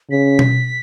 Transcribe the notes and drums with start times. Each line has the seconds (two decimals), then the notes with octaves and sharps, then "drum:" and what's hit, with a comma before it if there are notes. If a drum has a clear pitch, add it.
0.10 C#3 B6
0.39 drum: tom B2